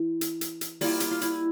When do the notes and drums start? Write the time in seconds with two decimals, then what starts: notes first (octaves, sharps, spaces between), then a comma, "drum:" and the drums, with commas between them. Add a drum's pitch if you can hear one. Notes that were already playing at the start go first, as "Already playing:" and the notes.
Already playing: E3
0.21 drum: hi-hat
0.41 drum: hi-hat
0.61 drum: hi-hat
0.81 G3 A#3 E4 F4, drum: open hi-hat
1.00 G4, drum: hi-hat
1.11 F4
1.21 E4, drum: hi-hat